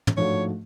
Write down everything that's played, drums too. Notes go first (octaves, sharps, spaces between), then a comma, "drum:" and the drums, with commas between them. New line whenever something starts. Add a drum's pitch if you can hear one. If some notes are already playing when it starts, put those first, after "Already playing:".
drum: tom
G#2 F3 A3 D4 F#4 C#5